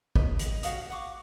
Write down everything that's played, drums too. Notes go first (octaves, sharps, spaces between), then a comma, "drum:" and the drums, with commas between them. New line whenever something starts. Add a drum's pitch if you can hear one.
D#5 B5, drum: kick
drum: hi-hat
F#4 F5 D#6, drum: hi-hat
F#5 C#6 D6